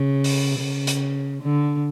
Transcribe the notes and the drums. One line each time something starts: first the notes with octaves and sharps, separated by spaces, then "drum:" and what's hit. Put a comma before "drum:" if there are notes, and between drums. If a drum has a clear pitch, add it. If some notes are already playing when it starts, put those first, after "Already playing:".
Already playing: C#3
drum: open hi-hat
C#3
drum: hi-hat
D3